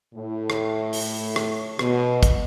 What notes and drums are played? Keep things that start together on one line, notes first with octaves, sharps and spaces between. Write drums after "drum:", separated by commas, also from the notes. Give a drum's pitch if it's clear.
A2
drum: rim click
drum: open hi-hat
drum: rim click
B2, drum: rim click
drum: kick, hi-hat